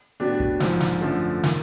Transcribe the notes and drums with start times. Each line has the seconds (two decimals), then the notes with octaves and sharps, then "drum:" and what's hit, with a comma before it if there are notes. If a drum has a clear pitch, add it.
0.20 A2 F#3 B3 D4 G4
0.40 drum: kick
0.60 A#1 G#2 F3, drum: snare
0.80 drum: snare
1.01 F#2 D3 F3 A3
1.44 D#3, drum: snare